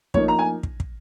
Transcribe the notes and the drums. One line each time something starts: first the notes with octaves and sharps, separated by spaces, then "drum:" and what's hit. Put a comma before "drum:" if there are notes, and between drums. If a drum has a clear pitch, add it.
F3 A#3 D#4 C#5, drum: kick
A#5
G#5
drum: kick
drum: kick